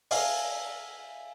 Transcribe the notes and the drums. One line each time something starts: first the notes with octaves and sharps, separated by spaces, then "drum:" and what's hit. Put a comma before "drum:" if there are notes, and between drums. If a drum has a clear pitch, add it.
E5 F5 G#5, drum: open hi-hat